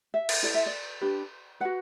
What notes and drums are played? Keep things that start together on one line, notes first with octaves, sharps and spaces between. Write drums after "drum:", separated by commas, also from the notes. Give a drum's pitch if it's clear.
E5
drum: cymbal
E4 A4 D5
E5
D5
D4 G4 B4
F#4 B4 F#5